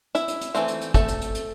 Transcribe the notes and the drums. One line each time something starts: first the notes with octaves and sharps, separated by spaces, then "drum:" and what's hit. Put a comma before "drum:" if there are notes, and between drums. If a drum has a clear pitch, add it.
E4 E5, drum: hi-hat
drum: hi-hat
drum: hi-hat
E3 A3 C4, drum: hi-hat
drum: hi-hat
drum: hi-hat
A3 A4, drum: kick, hi-hat
drum: hi-hat
drum: hi-hat
drum: hi-hat